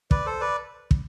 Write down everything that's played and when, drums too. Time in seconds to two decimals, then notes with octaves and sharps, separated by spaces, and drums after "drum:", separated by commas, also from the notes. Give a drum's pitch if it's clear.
0.11 B4 D5, drum: kick
0.26 A4 C5
0.41 B4 D5
0.91 drum: kick